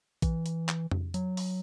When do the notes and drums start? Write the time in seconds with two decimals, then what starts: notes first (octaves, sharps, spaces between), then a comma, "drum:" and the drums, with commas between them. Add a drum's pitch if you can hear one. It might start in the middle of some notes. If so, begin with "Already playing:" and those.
0.22 E3, drum: kick A#1, hi-hat
0.46 drum: hi-hat
0.69 drum: clap
0.91 drum: tom F2
1.14 F#3, drum: hi-hat
1.37 drum: open hi-hat